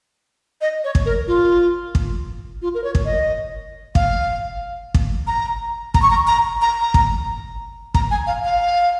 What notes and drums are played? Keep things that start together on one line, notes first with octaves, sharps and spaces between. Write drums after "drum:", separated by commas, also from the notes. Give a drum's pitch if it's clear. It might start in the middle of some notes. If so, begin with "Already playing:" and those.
D#5
C#5
drum: kick
A#4
F4
drum: kick
F4
A#4
C#5
drum: kick
D#5
F5, drum: kick
drum: kick
A#5
A#5, drum: kick
C#6
A#5
A#5
A#5
drum: kick
A#5, drum: kick
G#5
F5
F5